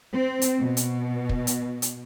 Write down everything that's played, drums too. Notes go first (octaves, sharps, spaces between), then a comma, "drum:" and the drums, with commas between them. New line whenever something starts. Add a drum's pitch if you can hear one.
C4
drum: hi-hat
B2
drum: hi-hat
drum: kick
drum: hi-hat
drum: hi-hat